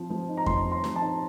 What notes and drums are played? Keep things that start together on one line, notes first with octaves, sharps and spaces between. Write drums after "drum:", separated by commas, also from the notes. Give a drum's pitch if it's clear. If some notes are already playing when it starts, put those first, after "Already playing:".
Already playing: F3 C4
F3
D#4
A#5
F3 C6, drum: kick F2
C4
C6
F3, drum: snare
A5
D#4